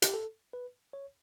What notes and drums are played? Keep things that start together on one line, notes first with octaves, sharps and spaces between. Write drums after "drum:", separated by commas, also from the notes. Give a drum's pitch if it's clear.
G4, drum: hi-hat
A4
B4
C#5